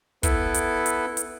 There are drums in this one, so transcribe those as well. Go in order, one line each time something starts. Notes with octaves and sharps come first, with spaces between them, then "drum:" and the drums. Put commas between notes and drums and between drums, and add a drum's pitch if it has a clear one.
B3 E4 A4 B4, drum: kick, hi-hat
drum: hi-hat
drum: hi-hat
drum: hi-hat